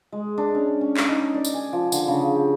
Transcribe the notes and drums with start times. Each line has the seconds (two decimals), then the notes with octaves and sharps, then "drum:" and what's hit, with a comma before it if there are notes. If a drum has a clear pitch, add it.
0.12 G#3
0.38 D4
0.55 C#4
0.81 C#4
0.97 drum: clap
1.09 D#4
1.34 D5
1.45 drum: tambourine
1.54 G#5
1.73 F3
1.92 D3, drum: tambourine
2.08 C#3
2.35 G4